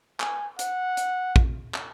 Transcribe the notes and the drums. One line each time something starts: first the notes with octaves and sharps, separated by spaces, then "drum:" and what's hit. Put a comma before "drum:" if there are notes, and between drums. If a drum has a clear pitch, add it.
G#5, drum: clap
F#5, drum: hi-hat
drum: hi-hat
drum: kick
drum: clap